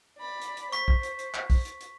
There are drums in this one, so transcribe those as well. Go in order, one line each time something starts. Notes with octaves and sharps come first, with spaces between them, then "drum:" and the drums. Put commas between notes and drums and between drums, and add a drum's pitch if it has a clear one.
D5 B5
drum: hi-hat
drum: hi-hat
C5 C#6 B6, drum: hi-hat
drum: kick
drum: hi-hat
drum: hi-hat
drum: clap
drum: kick, open hi-hat
drum: hi-hat
drum: hi-hat